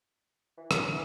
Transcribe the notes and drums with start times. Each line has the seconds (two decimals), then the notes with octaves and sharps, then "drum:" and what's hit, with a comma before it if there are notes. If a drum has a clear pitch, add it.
0.57 E3
0.71 F#3, drum: rim click
0.85 E3